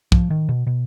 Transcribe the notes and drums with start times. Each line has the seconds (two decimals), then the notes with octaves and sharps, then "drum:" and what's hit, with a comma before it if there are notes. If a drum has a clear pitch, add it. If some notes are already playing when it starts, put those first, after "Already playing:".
0.12 F3, drum: kick
0.30 D#3
0.49 B2
0.67 B2